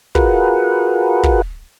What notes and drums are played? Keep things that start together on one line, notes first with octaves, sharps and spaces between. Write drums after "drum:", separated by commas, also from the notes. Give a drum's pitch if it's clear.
F4 F#4 G#4 A#4 B4 F#5, drum: kick
drum: kick